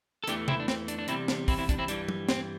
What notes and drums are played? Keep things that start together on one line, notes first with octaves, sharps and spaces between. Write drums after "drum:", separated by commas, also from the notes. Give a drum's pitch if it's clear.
A4
E2 E3 A3 D4 G4, drum: hi-hat
C4 E4, drum: tom
D4
C4, drum: snare
D4, drum: hi-hat
D4
E2 C3 G3 C4 E4, drum: hi-hat
D4, drum: snare
C4 E4, drum: kick, open hi-hat
C4 E4
D4, drum: kick, hi-hat
C4 E4
G2 E3 G3 D4, drum: hi-hat
drum: tom
C4, drum: snare